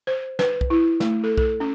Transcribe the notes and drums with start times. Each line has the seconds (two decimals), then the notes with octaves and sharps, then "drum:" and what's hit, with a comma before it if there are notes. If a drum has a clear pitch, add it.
0.07 C5
0.39 B4, drum: snare
0.61 drum: kick B1
0.70 E4
1.00 A3, drum: snare
1.24 A4
1.38 A4, drum: kick B1
1.60 C#4